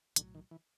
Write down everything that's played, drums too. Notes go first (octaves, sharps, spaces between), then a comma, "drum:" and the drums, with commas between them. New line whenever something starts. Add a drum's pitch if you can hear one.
B1 A2 D3 F#3, drum: hi-hat
D#3
E3